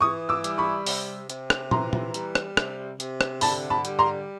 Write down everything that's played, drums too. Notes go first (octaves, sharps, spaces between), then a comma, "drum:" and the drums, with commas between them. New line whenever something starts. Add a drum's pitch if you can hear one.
E3 C#6 D#6
D6 E6
G3, drum: hi-hat
B5 C#6
C3, drum: open hi-hat
C3, drum: hi-hat
drum: rim click
E3 A#5 C6, drum: tom
drum: tom
G3, drum: hi-hat
drum: rim click
C3, drum: rim click
C3, drum: hi-hat
drum: rim click
D3 A5 B5, drum: open hi-hat
A5 B5
G3, drum: hi-hat
A#5 C6